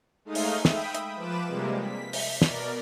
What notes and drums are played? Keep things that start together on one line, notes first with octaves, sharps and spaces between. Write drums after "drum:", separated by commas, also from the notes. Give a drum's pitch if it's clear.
G#3 A3 D#4 F5 D#6
drum: open hi-hat
E5 G5 B5 D#6, drum: snare
drum: hi-hat
F3 B4 D6 E7
C3 G3 G#3 A#3
B6
drum: open hi-hat
B2 A#4 D5, drum: snare